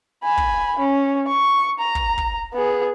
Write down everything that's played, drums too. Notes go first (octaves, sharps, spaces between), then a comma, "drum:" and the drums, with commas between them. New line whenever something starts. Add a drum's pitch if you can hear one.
G#5 B5
drum: kick
C#4
C#6
A#5
drum: kick
drum: kick
B3 G#4